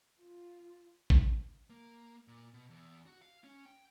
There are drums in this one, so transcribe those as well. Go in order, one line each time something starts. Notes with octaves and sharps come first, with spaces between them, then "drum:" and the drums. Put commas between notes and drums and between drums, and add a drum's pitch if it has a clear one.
F4
drum: kick G#1
A#3
A#2
B2
E2
F#4
F5
C#4
G5